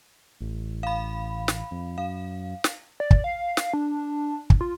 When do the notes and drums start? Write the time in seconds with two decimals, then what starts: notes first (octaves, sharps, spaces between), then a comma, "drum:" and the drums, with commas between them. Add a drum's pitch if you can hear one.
0.40 A1
0.83 F5 B5
1.48 drum: snare
1.71 F2
1.98 F#2 F5
2.64 drum: snare
3.00 D5
3.11 drum: kick
3.24 F5
3.57 drum: snare
3.73 D4
4.50 drum: kick
4.61 F4